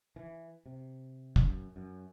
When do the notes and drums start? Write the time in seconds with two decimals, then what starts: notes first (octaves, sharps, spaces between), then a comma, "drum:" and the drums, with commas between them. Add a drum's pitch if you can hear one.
0.16 E3
0.66 C3
1.36 F#2, drum: kick
1.76 F#2